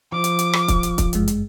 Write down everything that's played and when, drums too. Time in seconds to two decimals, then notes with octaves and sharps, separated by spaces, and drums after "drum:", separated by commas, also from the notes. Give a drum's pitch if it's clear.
0.12 F3 D6
0.24 drum: hi-hat
0.39 drum: hi-hat
0.53 drum: rim click
0.68 drum: kick, hi-hat
0.83 drum: hi-hat
0.98 drum: kick, hi-hat
1.13 G1 F#2 G#3, drum: hi-hat
1.28 drum: hi-hat